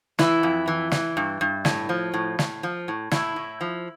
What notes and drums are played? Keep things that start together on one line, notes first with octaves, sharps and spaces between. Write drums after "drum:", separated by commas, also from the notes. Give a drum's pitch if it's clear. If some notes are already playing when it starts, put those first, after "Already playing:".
E3 E4, drum: snare
F2
E3
E3, drum: snare
G2
G2
A2, drum: snare
F3
A2
A2, drum: snare
F3
A2
A2 E4, drum: snare
A2
F3